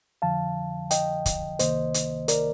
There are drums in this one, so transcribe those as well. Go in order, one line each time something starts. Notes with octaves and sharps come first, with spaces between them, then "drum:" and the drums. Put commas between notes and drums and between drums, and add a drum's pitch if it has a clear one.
F2 D3 F3 F5 A5
D#5 G5, drum: hi-hat
drum: kick, hi-hat
C2 C3 D#3 A#3 C5 D#5, drum: hi-hat
drum: hi-hat
A#4 D5, drum: hi-hat